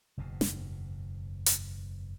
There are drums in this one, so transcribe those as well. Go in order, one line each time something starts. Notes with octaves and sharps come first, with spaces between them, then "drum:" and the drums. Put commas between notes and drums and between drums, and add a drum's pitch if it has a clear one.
F#1 E2 G#2 B2
drum: snare
drum: hi-hat